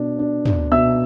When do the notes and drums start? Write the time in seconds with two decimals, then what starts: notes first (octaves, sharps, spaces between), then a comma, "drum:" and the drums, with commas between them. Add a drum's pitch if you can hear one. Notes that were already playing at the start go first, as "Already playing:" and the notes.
Already playing: B2 D4
0.19 D4
0.45 D4, drum: tom
0.72 B2 E5 E6